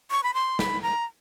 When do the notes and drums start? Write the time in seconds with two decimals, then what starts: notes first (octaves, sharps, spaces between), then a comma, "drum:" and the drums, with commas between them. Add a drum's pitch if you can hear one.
0.11 C#6
0.23 B5
0.34 C6
0.59 B5, drum: snare
0.83 A#5